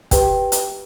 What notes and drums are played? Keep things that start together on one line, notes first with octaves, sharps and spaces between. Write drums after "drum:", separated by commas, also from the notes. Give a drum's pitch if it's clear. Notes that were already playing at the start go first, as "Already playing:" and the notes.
G4 B4 G5, drum: kick, hi-hat
drum: hi-hat